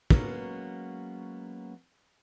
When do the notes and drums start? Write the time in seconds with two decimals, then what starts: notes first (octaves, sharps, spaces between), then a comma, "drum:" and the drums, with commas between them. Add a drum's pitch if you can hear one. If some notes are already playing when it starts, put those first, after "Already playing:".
0.10 F#3 G#3 A#3 B3 C#4, drum: kick